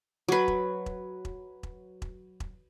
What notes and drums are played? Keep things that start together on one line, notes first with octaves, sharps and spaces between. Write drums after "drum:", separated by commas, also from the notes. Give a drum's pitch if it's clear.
F#3 B4
drum: kick E1
drum: kick E1
drum: kick E1
drum: kick E1
drum: kick E1
drum: kick E1